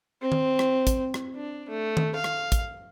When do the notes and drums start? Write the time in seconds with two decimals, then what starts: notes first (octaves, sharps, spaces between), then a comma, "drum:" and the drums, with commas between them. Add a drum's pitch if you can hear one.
0.22 C4
0.32 drum: tom D#3
0.59 drum: rim click
0.87 drum: kick, hi-hat
1.14 drum: rim click
1.35 D4
1.69 A3
1.97 drum: tom D#3
2.15 F5
2.24 drum: rim click
2.52 drum: kick, hi-hat